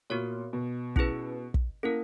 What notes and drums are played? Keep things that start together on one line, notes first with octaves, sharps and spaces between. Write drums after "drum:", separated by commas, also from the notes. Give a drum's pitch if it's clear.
A#2 B3 F#4 A#4 C#5
B2
C#4 E4 G#4 B4, drum: kick
drum: kick
A#3 C#4 E4 A#4